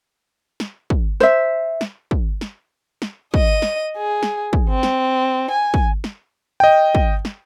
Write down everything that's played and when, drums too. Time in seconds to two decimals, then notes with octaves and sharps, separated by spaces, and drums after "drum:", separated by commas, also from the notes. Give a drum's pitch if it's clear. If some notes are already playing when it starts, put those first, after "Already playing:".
0.60 drum: snare
0.90 drum: kick
1.20 C5 E5, drum: snare
1.81 drum: snare
2.11 drum: kick
2.41 drum: snare
3.02 drum: snare
3.34 D#5 D#7, drum: kick
3.62 drum: snare
3.97 G#4
4.23 drum: snare
4.53 drum: kick
4.69 C4
4.83 drum: snare
5.51 G#5
5.74 drum: kick
6.04 drum: snare
6.60 D#5 G5
6.95 drum: kick
7.25 drum: snare